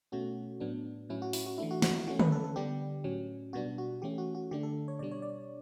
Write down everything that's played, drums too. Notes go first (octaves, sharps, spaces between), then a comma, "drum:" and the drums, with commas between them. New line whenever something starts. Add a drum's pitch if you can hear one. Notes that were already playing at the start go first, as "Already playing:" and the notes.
B2 A3 C#4 F#4
A2 F#3 B3 D4
A2 F#3 C#4 E4
F#4
E4, drum: open hi-hat
F#4
E3 A3 D4 E4
F#4
F#4, drum: snare
E4
E3 A3 C#4 F#4
B4, drum: tom D3
A4
A4
D3 G3 B3 D4 G4
A2 F#3 C#4
B2 G3 B3 D4 F#4
F#4
E3 A3 C#4 G4
F#4
F#4
D3 A3 D4 G4
A4
C#5
B2 G3 D4 D5
C#5
D5